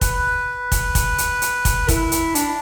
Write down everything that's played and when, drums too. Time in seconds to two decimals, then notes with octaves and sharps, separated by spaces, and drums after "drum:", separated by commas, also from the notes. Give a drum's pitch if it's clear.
0.01 B4, drum: kick, hi-hat
0.72 drum: kick, hi-hat
0.95 drum: kick, hi-hat
1.18 drum: hi-hat
1.42 drum: hi-hat
1.65 drum: kick, hi-hat
1.88 E4, drum: kick, hi-hat
2.12 drum: hi-hat
2.35 D4, drum: hi-hat